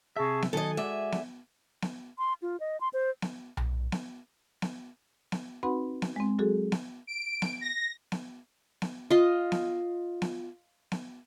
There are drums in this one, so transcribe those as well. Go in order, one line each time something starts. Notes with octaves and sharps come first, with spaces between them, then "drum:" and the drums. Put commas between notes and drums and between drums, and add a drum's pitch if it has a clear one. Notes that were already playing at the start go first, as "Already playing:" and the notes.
C3 G#4 E5 A5 C#6
drum: snare B3
D#3 F#3 A4 D#5 G#5
G#3 F#4 D5 E5
drum: snare B3
drum: snare B3
C6
F4
D#5
C6
C5
drum: snare B3
drum: tom B1
drum: snare B3
drum: snare B3
drum: snare B3
C4 D#4 F#4 B4 F#5 B5
drum: snare B3
G#3 C4
F#3 F#4 G#4 A4
drum: snare B3
D7
drum: snare B3
A#6
drum: snare B3
drum: snare B3
F4 D#5
drum: snare B3
drum: snare B3
drum: snare B3